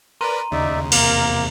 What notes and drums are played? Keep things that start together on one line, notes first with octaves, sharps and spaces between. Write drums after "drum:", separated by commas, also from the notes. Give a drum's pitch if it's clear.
A#4 B4 D5 A#5 C6 D#7
D#2 C#3 D#4 D5 E5
E2 C3 A#3 A#4, drum: cymbal